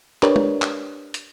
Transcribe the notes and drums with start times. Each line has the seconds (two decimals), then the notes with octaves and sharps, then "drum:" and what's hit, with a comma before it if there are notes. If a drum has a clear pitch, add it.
0.23 D4 G4 A#4 B4 C#5 D5, drum: clap
0.36 drum: tom
0.62 drum: clap
1.14 drum: hi-hat